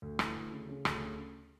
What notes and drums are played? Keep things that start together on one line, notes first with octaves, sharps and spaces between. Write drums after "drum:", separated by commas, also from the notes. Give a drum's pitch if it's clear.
D2
E3, drum: rim click
D2
C#3
C#3
D2, drum: rim click
C#3